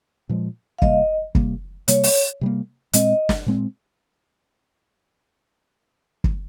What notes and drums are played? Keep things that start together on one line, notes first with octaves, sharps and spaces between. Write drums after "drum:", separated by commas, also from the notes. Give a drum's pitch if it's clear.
A#2 F3 G#3
F5
C3 G3 A#3 D#5, drum: kick
C3 G3 A#3, drum: kick
C3 G3 A#3 C#5, drum: hi-hat
drum: open hi-hat
C3 G3 A#3
A#2 G#3 C4 D#5, drum: hi-hat
drum: snare
A#2 G#3 C4
drum: kick